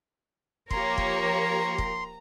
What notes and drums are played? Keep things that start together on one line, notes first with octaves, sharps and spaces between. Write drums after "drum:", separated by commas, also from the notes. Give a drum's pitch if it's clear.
F3 A#3 G4 A#4 C#5 A#5 C6, drum: kick
drum: kick
drum: kick